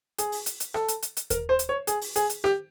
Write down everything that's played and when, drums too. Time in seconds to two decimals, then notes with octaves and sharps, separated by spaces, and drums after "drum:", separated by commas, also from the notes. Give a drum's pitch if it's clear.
0.18 G#4, drum: hi-hat
0.32 drum: open hi-hat
0.46 drum: hi-hat
0.60 drum: hi-hat
0.74 A4, drum: rim click
0.88 drum: hi-hat
1.03 drum: hi-hat
1.17 drum: hi-hat
1.30 A#4, drum: kick D#2, hi-hat
1.49 C5
1.59 drum: hi-hat
1.69 C#5
1.87 G#4, drum: hi-hat
2.01 drum: open hi-hat
2.16 G#4, drum: hi-hat
2.30 drum: hi-hat
2.44 G4, drum: rim click